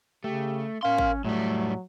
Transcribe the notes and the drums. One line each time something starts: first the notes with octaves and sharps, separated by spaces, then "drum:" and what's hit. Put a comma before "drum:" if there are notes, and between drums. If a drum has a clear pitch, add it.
C#3 A3 G4
C#4 A#4 F5 C6
drum: kick
A2 F#3 G3 A3